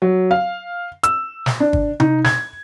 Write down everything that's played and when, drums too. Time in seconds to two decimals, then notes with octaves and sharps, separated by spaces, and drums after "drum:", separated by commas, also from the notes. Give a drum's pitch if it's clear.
0.02 F#3
0.31 F5
1.03 E6, drum: hi-hat
1.46 drum: snare
1.60 D4
1.73 drum: kick
2.00 D#4, drum: tom C3
2.25 G#6, drum: snare